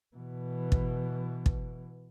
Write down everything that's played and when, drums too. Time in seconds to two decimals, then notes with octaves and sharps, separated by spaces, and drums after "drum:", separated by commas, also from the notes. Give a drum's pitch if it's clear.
0.16 B2 E3
0.72 drum: kick
1.46 drum: kick